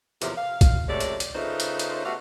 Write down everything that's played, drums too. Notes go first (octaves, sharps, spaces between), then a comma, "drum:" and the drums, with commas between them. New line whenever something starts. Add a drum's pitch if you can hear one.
E2 A2 C3 F3 G4 A#4, drum: hi-hat
F5
drum: kick B1, hi-hat
F#2 C3 G#3 A3 C#5 D5
drum: hi-hat
drum: hi-hat
C#3 A3 D#4 F4 B4 C5
drum: hi-hat
drum: hi-hat
A3 B3 F#4 G4 F5